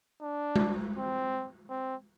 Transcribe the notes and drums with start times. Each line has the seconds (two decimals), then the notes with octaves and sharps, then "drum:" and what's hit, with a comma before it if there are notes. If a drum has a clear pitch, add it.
0.22 D4
0.56 drum: tom G#3
0.96 C4
1.70 C4